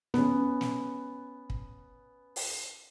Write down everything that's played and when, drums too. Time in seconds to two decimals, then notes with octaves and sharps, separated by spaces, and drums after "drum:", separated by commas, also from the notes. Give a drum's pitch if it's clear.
0.14 B3 C#4, drum: snare
0.61 drum: snare
1.50 drum: kick
2.36 drum: open hi-hat